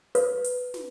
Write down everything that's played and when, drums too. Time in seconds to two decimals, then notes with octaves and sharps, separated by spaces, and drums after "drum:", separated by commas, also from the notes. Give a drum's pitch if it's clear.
0.15 B4, drum: hi-hat
0.44 drum: hi-hat
0.74 drum: snare